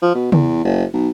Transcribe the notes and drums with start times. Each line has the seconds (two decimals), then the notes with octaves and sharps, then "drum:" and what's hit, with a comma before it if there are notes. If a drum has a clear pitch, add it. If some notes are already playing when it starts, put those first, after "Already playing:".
0.02 F3
0.15 B2
0.32 E2, drum: tom
0.65 F#1
0.93 B1